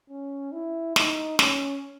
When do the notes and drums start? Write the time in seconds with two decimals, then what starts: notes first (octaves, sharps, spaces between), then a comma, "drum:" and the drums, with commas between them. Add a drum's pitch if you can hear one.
0.10 C#4
0.52 E4
0.96 D#4, drum: snare
1.39 C#4, drum: snare